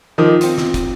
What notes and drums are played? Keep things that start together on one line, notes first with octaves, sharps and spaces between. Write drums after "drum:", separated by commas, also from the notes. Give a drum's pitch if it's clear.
D#3 F3 D6 D#6
C4 F4, drum: hi-hat
drum: snare
drum: kick, hi-hat